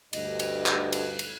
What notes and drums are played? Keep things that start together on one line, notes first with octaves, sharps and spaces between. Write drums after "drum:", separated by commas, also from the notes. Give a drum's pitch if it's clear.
D2 G2 D#5, drum: cymbal
drum: cymbal
drum: clap
drum: cymbal
drum: cymbal